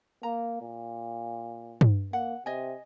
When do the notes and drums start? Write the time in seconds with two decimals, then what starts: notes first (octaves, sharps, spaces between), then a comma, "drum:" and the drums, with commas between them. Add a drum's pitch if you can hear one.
0.23 A#3 A#5
0.62 A#2
1.81 drum: tom
2.13 A#3 F#5
2.46 C3 D#5 G#5